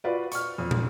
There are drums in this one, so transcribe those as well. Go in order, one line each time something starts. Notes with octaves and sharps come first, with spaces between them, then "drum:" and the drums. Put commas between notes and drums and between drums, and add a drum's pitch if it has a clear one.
F4 F#4 B4 D5
C#6 F6, drum: hi-hat
F2
drum: tom